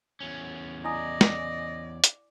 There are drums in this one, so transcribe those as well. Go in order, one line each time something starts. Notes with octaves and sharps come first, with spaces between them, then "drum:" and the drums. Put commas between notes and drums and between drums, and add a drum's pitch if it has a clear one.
E2 C#4
E4 D5 D#5 G#5 D#6
drum: snare
drum: hi-hat